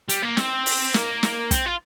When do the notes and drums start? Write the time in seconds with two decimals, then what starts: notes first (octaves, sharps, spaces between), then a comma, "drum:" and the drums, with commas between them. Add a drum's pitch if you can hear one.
0.09 G3, drum: hi-hat
0.23 A#3
0.37 C4, drum: snare
0.66 drum: open hi-hat
0.94 A#3, drum: snare
1.23 drum: snare
1.51 C4, drum: kick, hi-hat
1.66 F4